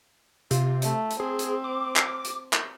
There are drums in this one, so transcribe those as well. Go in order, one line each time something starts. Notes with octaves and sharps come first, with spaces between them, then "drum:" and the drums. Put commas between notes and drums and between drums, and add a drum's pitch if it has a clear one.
C3 F4, drum: hi-hat
A3, drum: hi-hat
drum: hi-hat
C4 G#4
drum: hi-hat
D6
drum: clap
drum: hi-hat
drum: clap